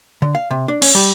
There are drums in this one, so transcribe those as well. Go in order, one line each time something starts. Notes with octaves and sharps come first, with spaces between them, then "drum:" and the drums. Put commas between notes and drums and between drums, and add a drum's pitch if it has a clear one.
D3
F5
C3
D4
C#4, drum: cymbal
G3